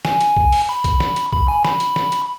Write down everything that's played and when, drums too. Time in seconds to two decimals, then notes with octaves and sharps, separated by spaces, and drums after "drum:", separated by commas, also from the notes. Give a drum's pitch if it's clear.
0.05 G#5, drum: snare
0.21 drum: hi-hat
0.36 drum: kick B1
0.52 drum: open hi-hat
0.69 B5
0.84 drum: kick B1, hi-hat
1.00 drum: snare
1.16 drum: hi-hat
1.32 B5, drum: kick B1
1.48 G#5
1.65 B5, drum: snare
1.80 drum: hi-hat
1.96 drum: snare
2.12 drum: hi-hat